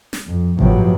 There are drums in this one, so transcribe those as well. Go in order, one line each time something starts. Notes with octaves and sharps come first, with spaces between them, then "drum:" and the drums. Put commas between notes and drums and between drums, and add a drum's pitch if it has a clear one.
drum: snare
F2
G1 A2 C3 F3 F#3 B3, drum: kick G#1